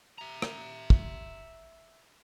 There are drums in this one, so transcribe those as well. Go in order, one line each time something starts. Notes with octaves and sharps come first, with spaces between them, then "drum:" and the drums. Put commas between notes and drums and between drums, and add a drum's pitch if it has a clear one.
E5 A#5
drum: rim click
drum: kick